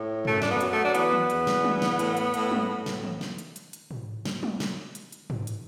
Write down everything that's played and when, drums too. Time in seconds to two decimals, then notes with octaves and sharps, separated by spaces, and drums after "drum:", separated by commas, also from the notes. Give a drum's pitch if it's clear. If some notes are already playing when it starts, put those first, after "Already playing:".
Already playing: A2
0.25 F#2 A3, drum: tom
0.42 D4, drum: snare
0.48 B3
0.61 F#3, drum: hi-hat
0.71 A3
0.84 D4
0.95 E3 B3, drum: hi-hat
1.12 drum: tom D#3
1.30 E2, drum: hi-hat
1.47 drum: snare
1.64 E3, drum: tom
1.82 drum: snare
1.99 A2, drum: hi-hat
2.17 drum: hi-hat
2.34 A2, drum: hi-hat
2.51 drum: tom
2.69 A2
2.86 drum: snare
3.04 drum: tom D#3
3.21 drum: snare
3.38 drum: hi-hat
3.56 drum: hi-hat
3.73 drum: hi-hat
3.91 drum: tom
4.25 drum: snare
4.43 drum: tom
4.60 drum: snare
4.95 drum: hi-hat
5.12 drum: hi-hat
5.30 drum: tom
5.47 drum: hi-hat